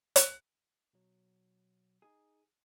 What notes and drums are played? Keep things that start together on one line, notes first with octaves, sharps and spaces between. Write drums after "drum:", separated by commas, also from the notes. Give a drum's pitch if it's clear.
drum: hi-hat
B2 F#3
D#4 G#4